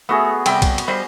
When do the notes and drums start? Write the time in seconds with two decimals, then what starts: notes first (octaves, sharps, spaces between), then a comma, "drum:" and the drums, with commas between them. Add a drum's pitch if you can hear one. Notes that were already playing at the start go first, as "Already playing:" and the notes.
0.09 A3 B3 F#4 G#4
0.46 C3 G3 G5, drum: cymbal
0.62 drum: kick B1, cymbal
0.78 drum: cymbal
0.88 G3 C5 D#5